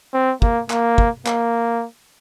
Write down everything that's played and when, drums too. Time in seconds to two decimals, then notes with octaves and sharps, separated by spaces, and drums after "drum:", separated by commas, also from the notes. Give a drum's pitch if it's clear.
0.14 C4
0.42 A#3, drum: kick
0.70 A#3, drum: clap
0.98 drum: kick
1.26 A#3, drum: clap